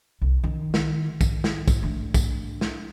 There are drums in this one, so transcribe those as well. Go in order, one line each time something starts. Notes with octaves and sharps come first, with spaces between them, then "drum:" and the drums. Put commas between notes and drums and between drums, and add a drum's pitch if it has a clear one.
C2
D#3
drum: snare
D#3, drum: kick, tambourine
drum: snare
drum: kick, tambourine
A3 D4
drum: kick, tambourine
drum: snare